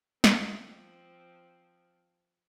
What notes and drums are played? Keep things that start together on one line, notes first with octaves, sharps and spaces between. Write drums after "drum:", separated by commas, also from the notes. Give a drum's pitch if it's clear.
F3 C4, drum: snare